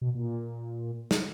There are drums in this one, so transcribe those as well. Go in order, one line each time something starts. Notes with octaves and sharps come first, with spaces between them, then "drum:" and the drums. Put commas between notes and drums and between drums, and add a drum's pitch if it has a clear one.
B2
A#2
drum: snare